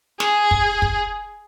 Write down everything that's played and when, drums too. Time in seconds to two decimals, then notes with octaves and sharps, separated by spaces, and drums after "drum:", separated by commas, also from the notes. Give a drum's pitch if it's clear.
0.20 G#4, drum: snare
0.51 drum: kick
0.82 drum: kick